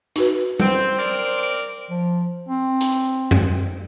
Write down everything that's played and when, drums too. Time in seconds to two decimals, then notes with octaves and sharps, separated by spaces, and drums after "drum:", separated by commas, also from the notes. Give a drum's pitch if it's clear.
0.16 D#4 F#4 B4, drum: hi-hat
0.60 C4 C5, drum: tom G3
0.98 C4 A#4 D5
1.89 F3
2.49 C4
2.81 drum: hi-hat
3.31 drum: tom F#2